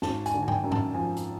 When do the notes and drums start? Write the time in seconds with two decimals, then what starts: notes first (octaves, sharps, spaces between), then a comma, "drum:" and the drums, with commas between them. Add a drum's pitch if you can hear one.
0.02 G#1 A5, drum: snare
0.26 G#5, drum: hi-hat
0.33 D3
0.43 G#5
0.48 G5, drum: tom G2
0.64 F#2
0.72 A5, drum: tom G2
0.94 F3 G#5
1.17 drum: hi-hat